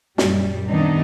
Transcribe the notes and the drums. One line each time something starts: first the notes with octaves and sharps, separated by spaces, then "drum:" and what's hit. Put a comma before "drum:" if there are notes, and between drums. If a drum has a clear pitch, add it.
F#2 A#2 G3, drum: snare
C3 D#3 G3 B3 D4 D#4